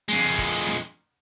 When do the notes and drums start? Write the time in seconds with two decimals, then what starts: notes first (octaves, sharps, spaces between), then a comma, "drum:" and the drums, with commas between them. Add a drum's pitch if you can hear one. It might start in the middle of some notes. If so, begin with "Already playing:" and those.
0.08 F2 G#3, drum: snare
0.38 drum: kick
0.68 drum: snare